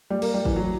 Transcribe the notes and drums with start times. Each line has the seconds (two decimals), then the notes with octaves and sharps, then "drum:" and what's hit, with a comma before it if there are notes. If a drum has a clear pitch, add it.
0.10 G3
0.22 A#3, drum: cymbal
0.34 G3
0.45 E3, drum: kick
0.56 F#3